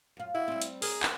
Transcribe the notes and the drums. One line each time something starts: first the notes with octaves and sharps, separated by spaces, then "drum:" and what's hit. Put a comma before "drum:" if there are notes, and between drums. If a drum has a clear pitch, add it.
F#2 F4
E4 F#4
G3 C4
drum: hi-hat
G#4 A#4, drum: open hi-hat
drum: clap